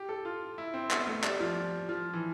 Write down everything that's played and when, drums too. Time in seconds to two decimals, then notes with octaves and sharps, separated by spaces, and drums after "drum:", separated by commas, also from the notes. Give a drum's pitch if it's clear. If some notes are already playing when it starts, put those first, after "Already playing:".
Already playing: G4
0.09 A4
0.25 F4
0.58 E4
0.74 C4
0.91 B3, drum: clap
1.07 A3
1.24 G3, drum: clap
1.40 F3
1.89 F3
2.13 E3